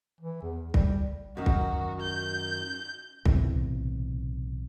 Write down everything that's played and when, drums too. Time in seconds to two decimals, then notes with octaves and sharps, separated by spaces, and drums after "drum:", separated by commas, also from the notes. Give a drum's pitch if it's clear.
0.21 E3
0.42 E2
0.74 G3, drum: kick
1.37 F#2 D#3 F#4
1.46 drum: kick
2.01 G6
3.25 B1 A2 C3 E3, drum: kick